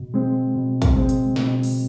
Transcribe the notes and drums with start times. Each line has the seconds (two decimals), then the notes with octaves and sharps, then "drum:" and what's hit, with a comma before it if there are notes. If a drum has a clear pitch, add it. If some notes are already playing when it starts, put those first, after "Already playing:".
Already playing: B2
0.14 G#3 C4
0.55 B2
0.82 drum: kick, hi-hat
0.95 G#3 C4
1.09 drum: hi-hat
1.36 B2, drum: snare
1.63 drum: open hi-hat